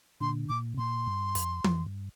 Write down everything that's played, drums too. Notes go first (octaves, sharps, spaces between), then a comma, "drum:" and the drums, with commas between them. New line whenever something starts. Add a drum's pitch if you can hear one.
A#2 D3 C6
A#2 D6
C3
A#2 C6
G2
F2, drum: hi-hat
F2, drum: tom E3
G2